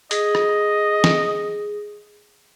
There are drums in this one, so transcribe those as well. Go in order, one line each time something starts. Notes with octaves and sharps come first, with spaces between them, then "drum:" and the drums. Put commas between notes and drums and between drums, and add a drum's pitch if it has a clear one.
G#4 D#5, drum: hi-hat
drum: rim click
drum: snare